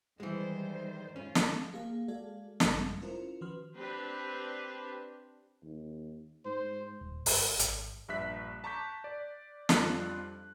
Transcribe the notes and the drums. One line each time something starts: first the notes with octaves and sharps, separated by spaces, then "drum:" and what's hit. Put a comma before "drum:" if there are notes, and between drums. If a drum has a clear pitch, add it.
D#3 E3 G3 G#3 C5
G#2 C#4 F4
drum: snare
A#3 G4 G#4 F5
G#3 F#4 G#4 A4 D5 F5
G#1 F#2 C#3 G3 G#3, drum: snare
C#4 E4 F4 A#4 C5
D#3 F3 F#4 B4 C6 F6
C4 D4 G4 B4
D#2
G#2 C5
D#1
G1, drum: open hi-hat
G#1, drum: hi-hat
A#1 G2 E5 F#6 B6
A5 A#5 C#6 D6 G6 B6
D5
F2 G3 D4 F4 F#6, drum: snare